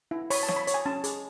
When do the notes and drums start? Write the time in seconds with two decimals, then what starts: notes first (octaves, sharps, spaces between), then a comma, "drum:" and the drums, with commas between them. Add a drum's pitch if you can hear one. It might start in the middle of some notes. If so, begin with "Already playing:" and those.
0.11 E4
0.30 C#5 B5, drum: open hi-hat
0.43 A5
0.48 C#5, drum: snare
0.56 B5
0.67 C#5, drum: hi-hat
0.74 G#5
0.86 C#4 A5
1.04 G#4, drum: hi-hat